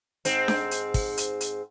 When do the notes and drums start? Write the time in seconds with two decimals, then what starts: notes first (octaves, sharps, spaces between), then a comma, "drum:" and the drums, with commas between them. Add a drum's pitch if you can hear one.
0.25 G#2 C4, drum: hi-hat
0.48 drum: snare D4
0.71 drum: hi-hat
0.94 drum: kick, open hi-hat
1.17 drum: hi-hat
1.41 drum: hi-hat